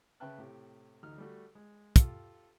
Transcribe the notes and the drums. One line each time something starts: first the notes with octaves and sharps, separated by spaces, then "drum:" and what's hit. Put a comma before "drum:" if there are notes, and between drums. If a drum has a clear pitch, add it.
C#3 B4 E5 G5 A5 F#6
A2 C3 G4
A1 D2 D#4 F6
G3 A3 F#4
G#3
F4 G4 A4, drum: kick, hi-hat